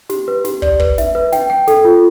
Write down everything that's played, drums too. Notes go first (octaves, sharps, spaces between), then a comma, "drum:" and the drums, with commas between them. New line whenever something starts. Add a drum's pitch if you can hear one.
G4, drum: snare
B4
G4, drum: snare
D5, drum: kick
B4, drum: kick
E5, drum: snare
B4
G5, drum: snare
G5
A4, drum: snare
F4